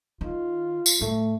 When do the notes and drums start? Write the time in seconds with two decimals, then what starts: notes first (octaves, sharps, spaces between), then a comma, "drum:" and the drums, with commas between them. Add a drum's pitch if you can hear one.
0.21 D#3 F4
0.86 drum: tambourine
1.01 A2 A3